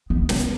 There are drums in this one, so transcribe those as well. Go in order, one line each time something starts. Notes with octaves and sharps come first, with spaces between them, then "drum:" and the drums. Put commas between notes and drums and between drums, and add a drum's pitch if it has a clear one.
B3
drum: snare